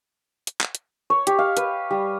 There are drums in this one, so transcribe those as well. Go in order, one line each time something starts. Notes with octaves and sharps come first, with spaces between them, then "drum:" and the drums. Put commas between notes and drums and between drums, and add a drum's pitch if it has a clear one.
drum: hi-hat
drum: clap
drum: hi-hat
C#5
G4, drum: hi-hat
F5
B4, drum: hi-hat
G3